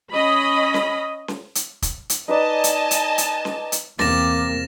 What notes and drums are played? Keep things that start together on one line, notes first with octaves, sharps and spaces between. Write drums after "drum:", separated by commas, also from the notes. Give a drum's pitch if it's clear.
C#4 D#5 B5
drum: snare C#4
drum: snare C#4
drum: hi-hat
drum: kick, hi-hat
drum: hi-hat
D#4 B4 D5 D#5 G#5 A5
drum: hi-hat
drum: hi-hat
drum: hi-hat
drum: snare C#4
drum: hi-hat
E2 C3 A#3 C4 D6 A6 A#6 E7, drum: snare C#4